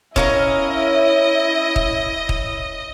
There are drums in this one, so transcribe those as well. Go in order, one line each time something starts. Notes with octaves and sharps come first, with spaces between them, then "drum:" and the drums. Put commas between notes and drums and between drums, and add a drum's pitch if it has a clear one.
C#4 E4 A#4 D#5 F5, drum: kick D#1
drum: kick D#1
drum: kick D#1